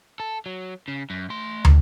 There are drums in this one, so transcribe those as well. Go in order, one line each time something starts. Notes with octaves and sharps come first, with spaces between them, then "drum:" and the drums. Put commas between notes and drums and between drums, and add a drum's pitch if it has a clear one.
A4
F#3
C#3
F#2
A3 C6
drum: tom